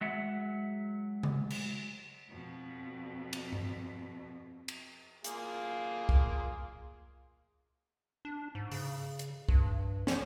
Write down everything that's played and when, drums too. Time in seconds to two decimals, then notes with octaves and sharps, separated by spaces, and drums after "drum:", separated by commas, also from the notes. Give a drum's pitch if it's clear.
0.01 F#3 G#3 E5 F#5
1.23 drum: tom C#3
1.50 drum: cymbal
2.29 F2 B2
3.33 drum: cymbal
3.52 drum: tom G2
4.68 drum: cymbal
5.24 A#3 F4 G#4, drum: hi-hat
6.09 drum: kick C2
8.25 D4
8.55 G#2
8.72 C#3, drum: open hi-hat
9.19 drum: hi-hat
9.49 G2, drum: kick C2
10.07 F3, drum: snare